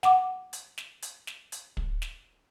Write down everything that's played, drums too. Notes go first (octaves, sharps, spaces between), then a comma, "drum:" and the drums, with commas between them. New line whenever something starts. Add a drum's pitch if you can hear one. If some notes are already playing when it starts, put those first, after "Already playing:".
F#5 D6, drum: snare
drum: hi-hat
drum: snare
drum: hi-hat
drum: snare
drum: hi-hat
drum: kick
drum: snare